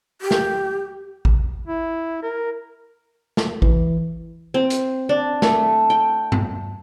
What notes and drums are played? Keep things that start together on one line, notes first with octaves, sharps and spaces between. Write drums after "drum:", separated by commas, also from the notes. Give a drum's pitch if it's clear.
G4
drum: snare
drum: kick G#1
E4
A#4
drum: snare
E3, drum: kick G#1
C4
drum: hi-hat
D4
A3, drum: snare
G5
drum: tom G2